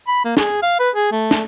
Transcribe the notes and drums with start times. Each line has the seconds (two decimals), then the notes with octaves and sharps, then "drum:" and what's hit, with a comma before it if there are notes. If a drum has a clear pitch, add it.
0.08 B5
0.25 A#3
0.37 G#4, drum: snare
0.62 F5
0.79 B4
0.95 G#4
1.12 A3
1.31 drum: snare